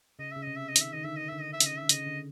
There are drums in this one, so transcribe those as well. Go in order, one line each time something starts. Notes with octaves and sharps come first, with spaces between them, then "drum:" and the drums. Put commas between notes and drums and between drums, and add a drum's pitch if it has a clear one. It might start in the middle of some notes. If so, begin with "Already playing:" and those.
C#3 D#5
C#3 E5
C3 D#5
E5
D#5
D#3 E5, drum: hi-hat
D#3 D#5
D3 E5
D#5
D3 E5
D#5
E5
C#3, drum: hi-hat
D#5
D3 E5
C#3 D#5, drum: hi-hat
D3